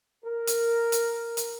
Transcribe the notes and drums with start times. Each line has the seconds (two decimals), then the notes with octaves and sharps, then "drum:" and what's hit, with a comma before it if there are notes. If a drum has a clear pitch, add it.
0.25 A#4
0.47 drum: hi-hat
0.92 drum: hi-hat
1.37 drum: hi-hat